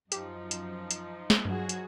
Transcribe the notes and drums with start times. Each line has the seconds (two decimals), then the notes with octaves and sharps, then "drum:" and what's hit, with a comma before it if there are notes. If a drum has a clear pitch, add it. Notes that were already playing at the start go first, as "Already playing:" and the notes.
0.12 F#2 F3 D#4 G4, drum: hi-hat
0.51 drum: hi-hat
0.91 drum: hi-hat
1.30 drum: snare
1.45 G2 F#3 F#4 G#4
1.69 drum: hi-hat